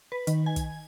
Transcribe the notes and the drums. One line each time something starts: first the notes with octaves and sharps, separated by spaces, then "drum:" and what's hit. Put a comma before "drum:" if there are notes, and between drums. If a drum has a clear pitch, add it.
B4
D#3, drum: hi-hat
G#5
drum: kick, hi-hat